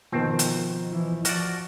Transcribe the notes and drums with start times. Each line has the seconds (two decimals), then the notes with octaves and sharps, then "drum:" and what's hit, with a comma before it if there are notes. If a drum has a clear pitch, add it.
0.12 B2 D#3 F3 C4
0.39 drum: hi-hat
0.91 E3
1.25 F3 F#4 D5 F6, drum: hi-hat